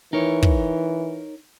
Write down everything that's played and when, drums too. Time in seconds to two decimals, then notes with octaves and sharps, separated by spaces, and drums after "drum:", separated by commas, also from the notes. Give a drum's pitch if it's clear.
0.13 E3 D#4 A#4 C#5
0.43 drum: kick